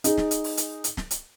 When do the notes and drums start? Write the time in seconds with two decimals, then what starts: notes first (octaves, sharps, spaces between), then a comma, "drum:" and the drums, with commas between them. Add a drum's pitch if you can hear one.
0.04 D#4 G#4, drum: hi-hat
0.18 drum: snare
0.31 drum: hi-hat
0.44 drum: open hi-hat
0.57 drum: hi-hat
0.84 drum: hi-hat
0.97 drum: snare
1.11 drum: hi-hat